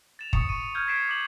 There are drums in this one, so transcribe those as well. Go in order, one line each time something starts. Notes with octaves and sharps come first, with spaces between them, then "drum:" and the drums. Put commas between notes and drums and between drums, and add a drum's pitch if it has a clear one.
A6 E7 F7
C#6 D#6 C#7, drum: kick
C#6 D#7
F6 G6 G#6
G#6 A6 B6 C7 D7 E7
D6 C#7 F#7